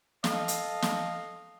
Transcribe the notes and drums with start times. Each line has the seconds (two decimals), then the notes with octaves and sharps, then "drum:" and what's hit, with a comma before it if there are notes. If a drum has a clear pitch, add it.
0.24 A4 D#5 F5, drum: snare
0.48 drum: hi-hat
0.82 drum: snare